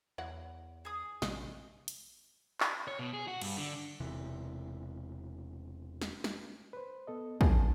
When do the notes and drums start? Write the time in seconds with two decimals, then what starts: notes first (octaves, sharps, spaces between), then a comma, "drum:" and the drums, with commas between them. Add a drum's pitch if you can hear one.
0.18 E2 F#3 E4 F#4
0.85 G#4 D#6
1.22 A#1 C3 E3 G3 D#5, drum: snare
1.88 drum: hi-hat
2.60 drum: clap
2.88 C#5
2.99 B2
3.13 G#4
3.27 F#4
3.41 G2, drum: cymbal
3.57 D3
4.00 E1 C3 E3
6.02 drum: snare
6.24 drum: snare
6.73 B4 C5
7.07 B3 A4 D#5
7.41 G#5 A5, drum: kick